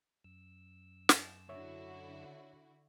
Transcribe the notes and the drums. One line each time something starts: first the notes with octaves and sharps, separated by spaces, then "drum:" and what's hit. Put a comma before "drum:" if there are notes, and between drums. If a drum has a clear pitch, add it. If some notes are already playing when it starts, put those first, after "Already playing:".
F#2 E6
drum: snare
D3 E4 F#4 C#5 E5